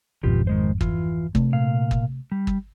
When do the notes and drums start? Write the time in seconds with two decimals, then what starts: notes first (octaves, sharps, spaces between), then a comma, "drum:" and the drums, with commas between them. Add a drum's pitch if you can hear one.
0.23 G#1 F2 B2 F4 G4
0.47 D#3 G#3 C5
0.81 E3 F4, drum: kick
1.35 C3 A3, drum: kick
1.53 A#2 F5
1.91 drum: kick
2.32 G3
2.47 drum: kick